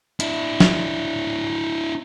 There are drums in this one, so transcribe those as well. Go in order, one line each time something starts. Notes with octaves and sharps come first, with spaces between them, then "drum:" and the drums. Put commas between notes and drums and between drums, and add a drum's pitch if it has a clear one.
D4 E4, drum: hi-hat
drum: snare